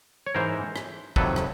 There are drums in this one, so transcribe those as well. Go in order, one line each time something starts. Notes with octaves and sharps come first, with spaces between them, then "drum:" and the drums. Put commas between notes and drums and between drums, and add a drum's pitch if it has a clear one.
C#5
G#2 E3 A#4 C5
drum: rim click
F2 C3 D#3 F#3 A4 B4, drum: kick
drum: rim click